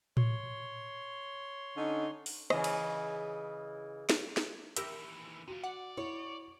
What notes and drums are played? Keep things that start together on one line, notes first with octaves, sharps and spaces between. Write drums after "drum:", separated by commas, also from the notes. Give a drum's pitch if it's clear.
C#5 C6, drum: tom A2
D3 C#4 D#4
drum: open hi-hat
C#3 E3 D#5, drum: rim click
drum: cymbal
drum: snare
drum: snare
D#2 E3 G4 A#4 E5 E6, drum: hi-hat
C3 F4 F#4
D5 F#5
E4 C#5